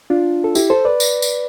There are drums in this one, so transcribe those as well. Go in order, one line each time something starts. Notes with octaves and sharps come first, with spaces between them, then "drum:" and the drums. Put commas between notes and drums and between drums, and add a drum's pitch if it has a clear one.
D4 F4
A4
E4 G4, drum: tambourine
A4 C5
B4 D5
drum: tambourine
drum: tambourine